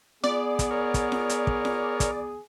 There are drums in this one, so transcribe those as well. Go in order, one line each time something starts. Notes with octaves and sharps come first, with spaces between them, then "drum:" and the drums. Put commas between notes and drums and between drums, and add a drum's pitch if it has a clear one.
B3 G#4 D5, drum: snare F4
drum: kick, hi-hat
A#4 C#5
drum: kick, hi-hat
drum: snare F4
drum: hi-hat
drum: kick
drum: snare F4
drum: kick, hi-hat